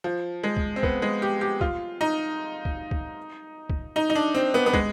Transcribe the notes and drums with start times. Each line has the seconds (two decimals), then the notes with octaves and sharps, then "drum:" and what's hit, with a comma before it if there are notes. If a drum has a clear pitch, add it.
0.04 F3
0.44 G#3
0.57 drum: kick
0.76 C4
0.83 B3, drum: kick
1.02 G#3
1.22 G4
1.41 G4
1.61 F4, drum: kick
2.01 D#4
2.65 drum: kick
2.91 drum: kick
3.70 drum: kick
3.96 D#4
4.10 D#4
4.15 D4
4.35 C4
4.54 B3
4.66 B3
4.73 G#3, drum: kick